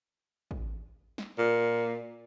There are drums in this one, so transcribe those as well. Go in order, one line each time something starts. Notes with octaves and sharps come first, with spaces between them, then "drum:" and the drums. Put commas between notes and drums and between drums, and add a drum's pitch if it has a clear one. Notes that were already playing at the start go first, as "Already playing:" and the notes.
drum: kick
drum: snare
A#2